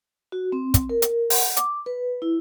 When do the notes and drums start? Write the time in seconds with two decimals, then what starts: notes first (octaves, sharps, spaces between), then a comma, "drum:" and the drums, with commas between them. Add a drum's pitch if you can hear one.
0.32 F#4
0.52 C4
0.74 drum: kick, hi-hat
0.89 A#4
1.02 drum: hi-hat
1.30 F#5, drum: open hi-hat
1.57 D6, drum: hi-hat
1.86 B4
2.22 E4